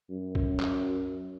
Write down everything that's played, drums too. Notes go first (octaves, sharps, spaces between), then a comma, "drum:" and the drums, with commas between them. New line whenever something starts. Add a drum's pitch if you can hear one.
F#2
drum: kick
drum: clap